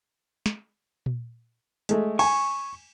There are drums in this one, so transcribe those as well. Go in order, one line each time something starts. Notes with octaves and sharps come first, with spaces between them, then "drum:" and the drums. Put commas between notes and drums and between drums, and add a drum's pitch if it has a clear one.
drum: snare
drum: tom A#2
G#3 A3, drum: hi-hat
G#5 C#6, drum: cymbal